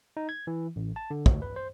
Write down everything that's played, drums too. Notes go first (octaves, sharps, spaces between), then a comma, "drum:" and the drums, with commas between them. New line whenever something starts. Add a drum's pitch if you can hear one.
D#4
G#6
E3
A1
A5
D3
D2, drum: kick
B4
C5